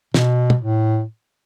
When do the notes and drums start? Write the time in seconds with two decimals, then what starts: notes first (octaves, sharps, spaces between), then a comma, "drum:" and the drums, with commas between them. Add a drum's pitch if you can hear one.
0.14 B2, drum: snare
0.50 drum: tom
0.61 A2